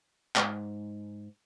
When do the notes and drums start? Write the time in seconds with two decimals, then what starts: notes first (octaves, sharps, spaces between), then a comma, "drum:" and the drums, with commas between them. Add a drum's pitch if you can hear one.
0.36 G#2, drum: clap